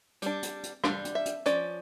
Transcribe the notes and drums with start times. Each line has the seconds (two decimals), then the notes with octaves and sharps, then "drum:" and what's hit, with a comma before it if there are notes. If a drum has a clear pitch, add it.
0.22 G3 D4, drum: hi-hat
0.43 drum: hi-hat
0.63 drum: hi-hat
0.84 G3 D4 F5, drum: rim click
1.05 drum: hi-hat
1.15 E5
1.26 drum: hi-hat
1.46 F3 C#4 D5, drum: hi-hat